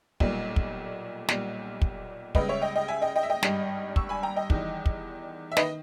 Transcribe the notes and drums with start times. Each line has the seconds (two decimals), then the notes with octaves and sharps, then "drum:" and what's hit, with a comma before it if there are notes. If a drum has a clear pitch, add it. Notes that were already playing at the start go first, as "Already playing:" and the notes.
0.20 B1 A#2 G3, drum: kick
0.56 drum: kick
1.28 B1 A#2 G3, drum: snare
1.82 drum: kick
2.35 C#2 C#3 G3 B4 D#5, drum: kick
2.49 C#5 E5
2.61 D#5 G5
2.76 D#5 G5
2.88 E5 G#5
3.02 D#5 G5
3.16 D#5 G5
3.23 E5
3.30 D#5 G5
3.43 G#1 G2 G3, drum: snare
3.96 C#6 E6, drum: kick
4.09 G#5 B5
4.23 G5 A#5
4.36 D#5 G5
4.50 E2 D#3 G3, drum: kick
4.86 drum: kick
5.52 E5
5.57 D#3 B4 D#5, drum: snare